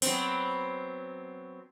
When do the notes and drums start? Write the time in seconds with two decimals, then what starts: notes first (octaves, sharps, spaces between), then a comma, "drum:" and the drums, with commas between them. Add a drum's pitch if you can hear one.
0.02 F#3 B3 C4, drum: open hi-hat